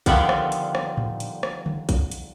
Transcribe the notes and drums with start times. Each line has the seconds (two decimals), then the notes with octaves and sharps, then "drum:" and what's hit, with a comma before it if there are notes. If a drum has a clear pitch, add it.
0.06 D3 D#3 F3 G3 B3, drum: kick A#1, hi-hat
0.29 drum: rim click
0.52 drum: hi-hat
0.75 drum: rim click
0.97 drum: tom A2
1.20 drum: hi-hat
1.43 drum: rim click
1.66 drum: tom
1.89 drum: kick A#1, hi-hat
2.11 drum: hi-hat